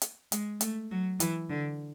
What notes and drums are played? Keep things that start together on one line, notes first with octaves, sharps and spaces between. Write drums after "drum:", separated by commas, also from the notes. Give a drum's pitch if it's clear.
drum: hi-hat
G#3, drum: hi-hat
A3, drum: hi-hat
F#3
E3, drum: hi-hat
D3